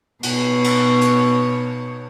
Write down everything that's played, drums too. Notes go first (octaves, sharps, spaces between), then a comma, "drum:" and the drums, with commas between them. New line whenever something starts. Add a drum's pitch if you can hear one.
B2 C#5, drum: cymbal
drum: cymbal
drum: hi-hat